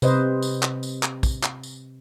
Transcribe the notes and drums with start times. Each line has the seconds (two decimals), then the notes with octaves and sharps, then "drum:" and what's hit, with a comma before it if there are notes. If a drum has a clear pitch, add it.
0.02 C3 B4 C5 D#5, drum: tambourine
0.42 drum: tambourine
0.63 drum: clap
0.83 drum: tambourine
1.03 drum: clap
1.23 drum: kick, tambourine
1.43 drum: clap
1.63 drum: tambourine